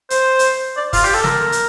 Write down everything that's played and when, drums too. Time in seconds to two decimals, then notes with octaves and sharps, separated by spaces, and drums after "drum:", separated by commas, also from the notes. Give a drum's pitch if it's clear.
0.10 C5, drum: hi-hat
0.39 drum: hi-hat
0.77 D5
0.93 F4, drum: kick, open hi-hat
1.04 G4
1.14 A4
1.24 A#4, drum: snare
1.52 drum: hi-hat